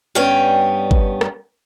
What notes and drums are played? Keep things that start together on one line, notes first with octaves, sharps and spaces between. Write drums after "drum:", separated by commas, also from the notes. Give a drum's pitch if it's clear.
G2 G3 B3 C#4 G5 G#5
drum: kick
drum: rim click